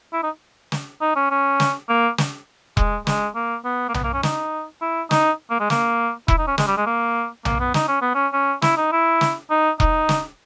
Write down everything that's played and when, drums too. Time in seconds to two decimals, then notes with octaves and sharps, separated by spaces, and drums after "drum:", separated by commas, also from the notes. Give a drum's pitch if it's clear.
0.13 E4
0.23 D#4
0.72 drum: snare
1.01 D#4
1.16 C#4
1.31 C#4
1.60 drum: snare
1.89 A#3
2.18 drum: snare
2.77 G#3, drum: kick E1
3.07 G#3, drum: snare
3.35 A#3
3.65 B3
3.88 A#3
3.94 B3, drum: tom B1
4.03 A#3
4.13 C#4
4.23 D#4, drum: snare
4.82 E4
5.11 D#4, drum: snare
5.50 A#3
5.60 G#3
5.70 A#3, drum: snare
6.28 E4, drum: kick E1
6.38 D#4
6.47 C#4
6.58 G#3, drum: snare
6.67 G3
6.77 G#3
6.86 A#3
7.45 A#3, drum: tom B1
7.60 B3
7.74 D#4, drum: snare
7.88 C#4
8.01 B3
8.14 C#4
8.33 C#4
8.62 E4, drum: snare
8.77 D#4
8.92 E4
9.21 drum: snare
9.50 D#4
9.80 D#4, drum: kick E1
10.09 drum: snare